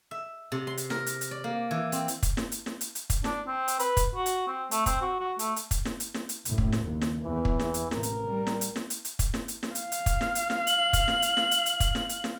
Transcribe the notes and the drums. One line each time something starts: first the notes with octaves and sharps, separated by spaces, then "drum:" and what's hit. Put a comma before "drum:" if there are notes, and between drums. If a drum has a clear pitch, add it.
E5
C3
C6
drum: hi-hat
A#4, drum: snare
drum: hi-hat
drum: hi-hat
D5
A#3
E3
C4, drum: hi-hat
drum: hi-hat
drum: kick, hi-hat
drum: snare
drum: hi-hat
drum: snare
drum: hi-hat
drum: hi-hat
drum: kick, hi-hat
D4, drum: snare
C4
drum: hi-hat
B4, drum: hi-hat
drum: kick, hi-hat
F#4
drum: hi-hat
C4
A3, drum: hi-hat
C4, drum: kick, hi-hat
F#4
F#4
A3, drum: hi-hat
drum: hi-hat
drum: kick, hi-hat
drum: snare
drum: hi-hat
drum: snare
drum: hi-hat
F#1 A2, drum: hi-hat
drum: kick
drum: snare
D#2
drum: snare
E2 E3
drum: kick
drum: snare
drum: hi-hat
A1 C3 A#4, drum: snare
drum: hi-hat
G3
drum: snare
drum: hi-hat
drum: snare
drum: hi-hat
drum: hi-hat
drum: kick, hi-hat
drum: snare
drum: hi-hat
drum: snare
F5, drum: hi-hat
drum: hi-hat
drum: kick, hi-hat
drum: snare
drum: hi-hat
drum: snare
F#7, drum: hi-hat
drum: kick, hi-hat
drum: snare
drum: hi-hat
drum: snare
drum: hi-hat
drum: hi-hat
drum: kick, hi-hat
drum: snare
drum: hi-hat
drum: snare